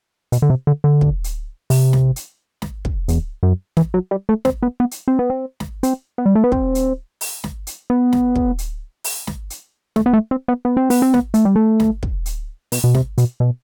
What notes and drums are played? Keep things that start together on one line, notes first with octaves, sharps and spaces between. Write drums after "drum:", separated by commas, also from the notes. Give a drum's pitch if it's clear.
B2, drum: hi-hat
D3
C3
D3
D3
drum: kick
drum: hi-hat
C3, drum: open hi-hat
drum: snare
drum: hi-hat
drum: snare
drum: kick
E2, drum: hi-hat
F#2
E3, drum: snare
F#3
G3
A3
C4, drum: snare
B3
B3
drum: hi-hat
C4
B3
C4
drum: snare
C4, drum: hi-hat
B3
G3
A3
B3
C4, drum: kick
drum: hi-hat
drum: open hi-hat
drum: snare
drum: hi-hat
B3
drum: snare
drum: kick
drum: hi-hat
drum: open hi-hat
drum: snare
drum: hi-hat
A3, drum: snare
B3
A3
C4
B3
B3
C4
B3, drum: open hi-hat
C4
B3, drum: snare
A3, drum: hi-hat
G3
A3
drum: snare
drum: kick
drum: hi-hat
B2, drum: open hi-hat
B2
C3, drum: snare
B2, drum: hi-hat
B2